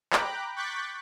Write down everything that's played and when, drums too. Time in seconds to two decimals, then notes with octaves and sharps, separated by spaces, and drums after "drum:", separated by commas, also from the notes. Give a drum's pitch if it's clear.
0.13 G5 A#5 B5 D6 F#6, drum: clap
0.56 C#6 D6 F#6 G6 A6 B6